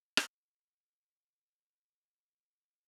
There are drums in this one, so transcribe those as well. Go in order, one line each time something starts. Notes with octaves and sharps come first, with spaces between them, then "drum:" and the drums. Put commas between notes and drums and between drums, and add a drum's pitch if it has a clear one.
drum: rim click
G#2